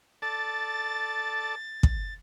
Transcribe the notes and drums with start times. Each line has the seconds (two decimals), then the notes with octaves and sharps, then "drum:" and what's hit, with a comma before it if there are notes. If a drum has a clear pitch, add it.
0.22 A4 D5 A5 A6
1.83 drum: kick